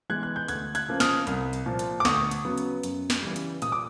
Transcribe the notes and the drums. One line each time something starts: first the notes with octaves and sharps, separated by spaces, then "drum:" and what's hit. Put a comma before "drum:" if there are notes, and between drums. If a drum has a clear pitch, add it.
E3 G#3 B3 F#6 G#6
F#6
G6
D2 F#6 G#6, drum: hi-hat
F#6 G#6, drum: hi-hat
C#3 F3 A#3
D#6 F6, drum: snare
C2, drum: hi-hat
drum: hi-hat
A#2 F3
drum: hi-hat
D6
D2 C#6 D#6, drum: snare
drum: hi-hat
C#3 F#3 B3
drum: hi-hat
F#2, drum: hi-hat
drum: snare
C#3 E3 G3
drum: hi-hat
A#2 D#6, drum: hi-hat
D6